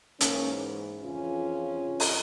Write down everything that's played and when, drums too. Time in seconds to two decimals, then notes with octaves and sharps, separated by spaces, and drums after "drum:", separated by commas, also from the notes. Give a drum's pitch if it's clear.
0.21 G#2 E3 A#3 C#4, drum: hi-hat
1.03 F2 C#3 E3 C#4 F4
1.87 G2 E3
2.00 drum: open hi-hat